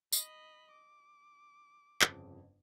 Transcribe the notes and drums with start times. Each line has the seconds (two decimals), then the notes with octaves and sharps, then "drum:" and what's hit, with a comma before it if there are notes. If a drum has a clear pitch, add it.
0.12 D#5 B5, drum: tambourine
0.71 D6
2.02 G1 F2 C#3, drum: clap